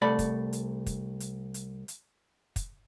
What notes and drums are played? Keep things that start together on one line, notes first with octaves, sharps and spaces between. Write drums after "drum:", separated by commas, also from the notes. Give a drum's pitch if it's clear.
C2 A3 D5 B5
drum: kick, hi-hat
drum: hi-hat
drum: kick, hi-hat
drum: hi-hat
drum: hi-hat
drum: hi-hat
drum: kick, hi-hat